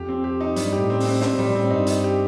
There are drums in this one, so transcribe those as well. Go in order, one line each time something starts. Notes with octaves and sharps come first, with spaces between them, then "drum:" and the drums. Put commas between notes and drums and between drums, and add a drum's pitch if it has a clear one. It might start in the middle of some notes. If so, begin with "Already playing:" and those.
Already playing: F2 G4
C4
G4
D#4
G2 G3, drum: hi-hat
G4
A2
C4
A2 C4, drum: open hi-hat
C4, drum: snare
A2 G3
A#2
A2 C4
G2 D#4
D#4, drum: hi-hat
G4